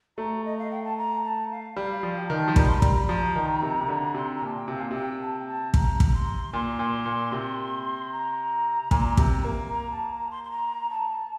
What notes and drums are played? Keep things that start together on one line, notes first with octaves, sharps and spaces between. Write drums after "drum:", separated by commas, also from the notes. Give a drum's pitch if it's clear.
A3 A#5
D#5
F5
G5
A5
A#5
A5
F5
G3 F5
F5
F3
G5
D#3 A#5
A5
F3
G3 A#5, drum: kick
C6
A#5
G3, drum: kick
F3
D#3
C3
C3
D3
C3 C6
A#5
A#2 A5
G5
C3
F5
A#2
C3 G5
A5
G5
A5
A#5, drum: kick
drum: kick
C6
A#2 C6
A#2
A#2
C3
A#5
A#2, drum: kick
C3, drum: kick
A#3
A#5
A5
A#5
C6
C6
A#5
A5